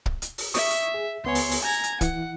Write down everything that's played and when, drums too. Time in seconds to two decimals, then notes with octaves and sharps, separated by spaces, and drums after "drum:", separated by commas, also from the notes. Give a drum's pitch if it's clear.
0.06 drum: kick
0.22 drum: hi-hat
0.38 drum: open hi-hat
0.54 E5 C#6 D#6, drum: open hi-hat
0.70 drum: hi-hat
0.94 G#4
1.24 C#2 B3 C#5 G#5 C6
1.35 drum: open hi-hat
1.51 drum: open hi-hat
1.62 G#5 A#5 G#6
1.83 drum: hi-hat
2.01 E3 E4 F#5, drum: kick, hi-hat